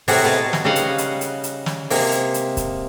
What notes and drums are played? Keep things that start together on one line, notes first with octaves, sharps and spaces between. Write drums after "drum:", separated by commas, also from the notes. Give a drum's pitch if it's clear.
A2 C3 G3 F#4 G#4 F#5, drum: open hi-hat
B2 G#4 A5
drum: snare
C#3 G3 D#4 D#5 F5 F#5
drum: hi-hat
drum: hi-hat
drum: hi-hat
drum: hi-hat
drum: snare
C3 G#3 A#3, drum: open hi-hat
drum: hi-hat
drum: hi-hat
drum: kick C#1, hi-hat